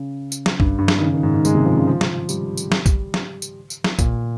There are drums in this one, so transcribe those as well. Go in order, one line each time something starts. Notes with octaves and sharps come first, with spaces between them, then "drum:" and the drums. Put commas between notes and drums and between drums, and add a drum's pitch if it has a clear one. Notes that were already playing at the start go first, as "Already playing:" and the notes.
Already playing: C#3
drum: tambourine
drum: snare
G2, drum: kick
G2
drum: snare
D#3
C#3
D#3
G#2
D#3
G#3, drum: tambourine
C3
F3
C#3
F3
drum: snare
G3, drum: tambourine
drum: tambourine
drum: snare
drum: kick, tambourine
drum: snare
drum: tambourine
drum: tambourine
drum: snare
A#2, drum: kick, tambourine